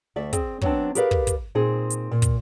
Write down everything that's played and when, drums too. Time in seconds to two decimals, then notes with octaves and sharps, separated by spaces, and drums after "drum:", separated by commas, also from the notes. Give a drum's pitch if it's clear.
0.16 D2 D5 E5
0.33 C4 G#4, drum: kick, hi-hat
0.61 A2 F#3 B3 C4 D4, drum: kick
0.95 G4 G#4 A#4 B4 D5 F5, drum: hi-hat
1.11 drum: kick
1.27 drum: kick, hi-hat
1.55 A#2 C4 D#4 G#4
1.90 drum: hi-hat
2.12 A#2
2.22 drum: kick, hi-hat